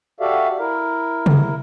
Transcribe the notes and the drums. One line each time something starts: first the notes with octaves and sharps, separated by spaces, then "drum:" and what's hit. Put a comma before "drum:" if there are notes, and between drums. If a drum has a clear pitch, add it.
F#4 G4 A4 D5 E5 F5
E4 A#4
drum: tom C3